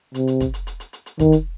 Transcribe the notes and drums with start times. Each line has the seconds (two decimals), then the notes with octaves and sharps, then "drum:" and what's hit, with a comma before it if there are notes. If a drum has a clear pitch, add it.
0.14 C3, drum: hi-hat
0.27 drum: hi-hat
0.41 drum: kick, hi-hat
0.54 drum: hi-hat
0.67 drum: hi-hat
0.80 drum: hi-hat
0.93 drum: hi-hat
1.06 drum: hi-hat
1.20 D#3, drum: kick, hi-hat
1.32 drum: hi-hat